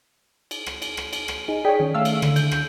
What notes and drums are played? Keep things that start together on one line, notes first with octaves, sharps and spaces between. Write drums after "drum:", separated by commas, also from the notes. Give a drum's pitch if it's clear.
drum: cymbal
drum: rim click
drum: cymbal
drum: rim click
drum: cymbal
drum: rim click
D#4 G#4
G#4 C#5 D5 G5 B6
D#3 C#4
A3 F5 E6
drum: cymbal
D3, drum: rim click
G6, drum: cymbal
drum: rim click